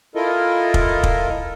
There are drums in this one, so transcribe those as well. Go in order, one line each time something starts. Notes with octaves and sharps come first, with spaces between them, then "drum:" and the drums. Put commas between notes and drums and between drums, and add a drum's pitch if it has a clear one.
E4 F4 A4 A#4 D#5
drum: kick
drum: kick